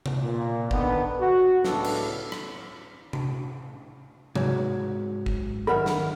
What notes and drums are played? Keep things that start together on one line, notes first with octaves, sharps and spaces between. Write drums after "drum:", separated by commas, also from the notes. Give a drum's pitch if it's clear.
drum: tom C3
A#2
D3 D#3 B3, drum: kick
F#4
C#2 A2 B3 D4 A4, drum: snare
drum: cymbal
drum: rim click
drum: tom C3
G#2 F#3, drum: tom C3
drum: kick
D#3 A#4 E5 F#5 B5 F6
drum: snare